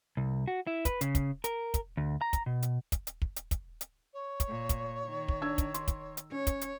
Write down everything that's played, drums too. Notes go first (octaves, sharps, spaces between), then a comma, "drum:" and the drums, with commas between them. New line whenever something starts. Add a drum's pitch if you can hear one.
C2
F#4
E4
B4, drum: kick, hi-hat
C#3, drum: hi-hat
drum: kick, hi-hat
A#4, drum: hi-hat
drum: kick, hi-hat
D2
A#5
drum: kick, hi-hat
B2
drum: hi-hat
drum: kick, hi-hat
drum: hi-hat
drum: kick
drum: hi-hat
drum: kick, hi-hat
drum: hi-hat
C#5
drum: kick, hi-hat
A#2
drum: kick, hi-hat
D#3
drum: kick
D4 E6 G#6
drum: kick, hi-hat
C6, drum: hi-hat
drum: kick, hi-hat
drum: hi-hat
C#4 C#5
drum: kick, hi-hat
drum: hi-hat